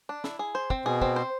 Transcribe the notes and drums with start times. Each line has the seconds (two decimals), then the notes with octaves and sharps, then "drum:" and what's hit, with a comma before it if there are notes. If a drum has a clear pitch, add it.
0.09 D4
0.24 E4, drum: snare
0.39 G#4
0.55 C5
0.70 C4, drum: kick
0.85 B2 G#4
1.02 C4, drum: kick
1.16 C5